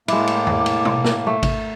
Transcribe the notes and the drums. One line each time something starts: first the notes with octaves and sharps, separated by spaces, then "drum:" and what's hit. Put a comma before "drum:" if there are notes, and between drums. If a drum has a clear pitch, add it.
A2 G#3 A#3 E4 D6, drum: cymbal
drum: cymbal
drum: tom E2
drum: cymbal
drum: tom B2
drum: snare
A3
drum: kick G#1, cymbal